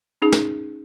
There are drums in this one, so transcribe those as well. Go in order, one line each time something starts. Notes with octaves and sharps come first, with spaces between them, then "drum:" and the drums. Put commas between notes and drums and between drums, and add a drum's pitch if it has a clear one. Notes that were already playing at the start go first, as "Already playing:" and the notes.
C#4 D#4 G#4
drum: snare